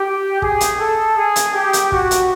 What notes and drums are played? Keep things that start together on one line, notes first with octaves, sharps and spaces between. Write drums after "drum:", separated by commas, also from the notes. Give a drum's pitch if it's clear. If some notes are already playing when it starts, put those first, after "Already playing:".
Already playing: G4
G#4, drum: kick
drum: hi-hat
A4
G#4
drum: hi-hat
G4
drum: hi-hat
F#4, drum: kick
drum: hi-hat